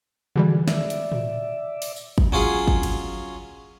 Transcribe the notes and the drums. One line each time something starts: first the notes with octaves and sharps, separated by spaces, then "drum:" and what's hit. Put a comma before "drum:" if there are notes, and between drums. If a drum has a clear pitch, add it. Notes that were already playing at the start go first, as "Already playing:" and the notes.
D3 E3 G3 F#4 G#4
D5 E5, drum: snare
drum: hi-hat
drum: tom A2
drum: open hi-hat
drum: tambourine
drum: kick
F#3 C#4 F4 G#4
drum: kick
drum: cymbal